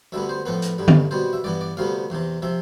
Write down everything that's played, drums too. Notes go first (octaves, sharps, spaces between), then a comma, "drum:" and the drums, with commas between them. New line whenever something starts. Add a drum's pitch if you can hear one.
D2 D3 G3 B3 E5
C5
A2 F3 B3 B4
drum: hi-hat
G2 D3 G3
drum: tom D3
B2 G3 B3 C5
E5
G2 E3 B3 D5
D5
D2 C3 G3 B3 F5
E2 C3 E3
C3 F3 E5